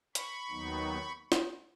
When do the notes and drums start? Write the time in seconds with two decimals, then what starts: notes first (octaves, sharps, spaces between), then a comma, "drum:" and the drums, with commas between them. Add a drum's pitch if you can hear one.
0.15 B5 C#6, drum: hi-hat
0.50 D#2 D#3 F#3 B3 D#4
1.32 drum: snare